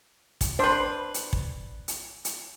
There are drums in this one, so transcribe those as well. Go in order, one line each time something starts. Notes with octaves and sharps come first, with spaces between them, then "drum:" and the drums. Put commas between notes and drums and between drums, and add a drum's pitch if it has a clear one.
drum: kick, hi-hat
D4 B4 C5
drum: hi-hat
drum: kick
drum: hi-hat
drum: hi-hat